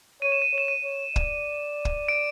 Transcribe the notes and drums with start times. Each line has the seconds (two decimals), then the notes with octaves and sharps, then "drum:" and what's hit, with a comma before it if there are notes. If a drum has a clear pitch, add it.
0.22 C#5 D#7
0.32 E7
0.42 D#7
0.53 C#5
0.58 E7
0.68 D#7
0.84 C#5
1.16 D5, drum: kick
1.85 drum: kick
2.08 D7